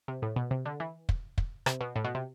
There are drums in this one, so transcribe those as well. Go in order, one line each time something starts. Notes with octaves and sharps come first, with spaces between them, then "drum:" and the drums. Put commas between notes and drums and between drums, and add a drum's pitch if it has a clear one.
C3
A2
B2
C3
D3
E3
drum: kick
drum: kick
C3, drum: rim click
B2
A2
B2
C3